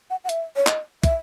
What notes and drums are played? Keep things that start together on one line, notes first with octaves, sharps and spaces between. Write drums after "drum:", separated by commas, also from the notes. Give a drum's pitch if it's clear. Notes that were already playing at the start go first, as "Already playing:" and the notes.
F#5
F#5
E5, drum: hi-hat
C#5
D#5, drum: clap
E5, drum: kick, hi-hat